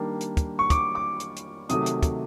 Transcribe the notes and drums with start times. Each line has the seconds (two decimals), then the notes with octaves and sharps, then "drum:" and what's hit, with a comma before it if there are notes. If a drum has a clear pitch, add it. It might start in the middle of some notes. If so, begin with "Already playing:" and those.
Already playing: D#3 G3 A#3 D4
0.21 drum: hi-hat
0.37 drum: kick, hi-hat
0.59 C#6
0.70 D6, drum: kick, hi-hat
0.95 D6
1.20 drum: hi-hat
1.36 drum: hi-hat
1.69 C3 D#3 F#3 A3 D#6, drum: hi-hat
1.86 drum: hi-hat
2.03 drum: kick, hi-hat